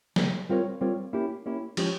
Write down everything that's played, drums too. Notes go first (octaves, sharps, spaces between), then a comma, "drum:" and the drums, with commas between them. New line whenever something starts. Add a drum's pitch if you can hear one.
C#3 G3 A#3, drum: snare
G3 C4 F4 A#4 C#5
G3 C4 F4 A#4 C#5
A#3 C#4 E4 G4
A#3 C#4 E4 G4
F3 G#3 C#4 G4 C#5, drum: cymbal